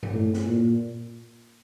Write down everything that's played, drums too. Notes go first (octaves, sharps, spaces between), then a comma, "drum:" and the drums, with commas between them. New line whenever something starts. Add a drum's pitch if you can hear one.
drum: tom G2
A2
drum: snare
A#2